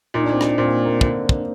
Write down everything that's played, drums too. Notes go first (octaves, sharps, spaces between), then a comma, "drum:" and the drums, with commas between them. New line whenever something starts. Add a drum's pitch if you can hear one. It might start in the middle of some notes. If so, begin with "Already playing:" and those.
A#2 D#4
D4
C4
D4, drum: rim click
A#2 C4
A#3
A#3
D3, drum: kick
drum: kick